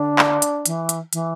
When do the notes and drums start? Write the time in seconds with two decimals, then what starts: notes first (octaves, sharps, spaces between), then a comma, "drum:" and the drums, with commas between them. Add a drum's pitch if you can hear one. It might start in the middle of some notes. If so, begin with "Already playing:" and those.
Already playing: D3 D4
0.19 drum: clap
0.42 drum: hi-hat
0.66 E3, drum: hi-hat
0.89 drum: hi-hat
1.13 E3, drum: hi-hat